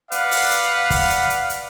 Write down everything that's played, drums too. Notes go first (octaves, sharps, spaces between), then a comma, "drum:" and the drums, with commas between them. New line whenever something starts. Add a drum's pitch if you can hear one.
B4 D5 F5 F#5, drum: hi-hat
drum: open hi-hat
drum: hi-hat
drum: kick, open hi-hat
drum: hi-hat
drum: hi-hat
drum: hi-hat